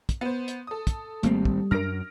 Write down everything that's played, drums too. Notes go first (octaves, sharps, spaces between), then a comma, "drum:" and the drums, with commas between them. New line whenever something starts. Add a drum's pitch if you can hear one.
drum: kick, hi-hat
B3 C5
drum: hi-hat
A4 D#6
drum: kick, hi-hat
G#1 G3 A3 A#3 C4, drum: hi-hat
drum: kick
F#2 D4 A#4 F6 A#6 D7